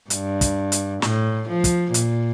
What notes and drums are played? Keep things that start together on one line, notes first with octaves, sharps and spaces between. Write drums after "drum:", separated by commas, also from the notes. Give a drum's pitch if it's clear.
G2, drum: hi-hat
drum: kick, hi-hat
drum: hi-hat
A2, drum: snare
F3
drum: kick, hi-hat
A#2, drum: hi-hat